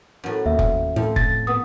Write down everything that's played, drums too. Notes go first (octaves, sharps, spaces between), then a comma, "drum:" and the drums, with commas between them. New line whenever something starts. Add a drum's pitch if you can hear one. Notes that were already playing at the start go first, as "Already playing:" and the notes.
F#2 A2
D#2 E5
drum: kick F1
F2 A2
A6, drum: kick F1
B3 D#6